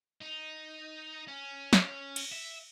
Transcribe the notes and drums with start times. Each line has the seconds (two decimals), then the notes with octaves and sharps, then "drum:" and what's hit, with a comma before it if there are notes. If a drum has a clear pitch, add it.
0.21 D#4
1.28 C#4
1.73 drum: snare
2.16 drum: cymbal
2.32 E5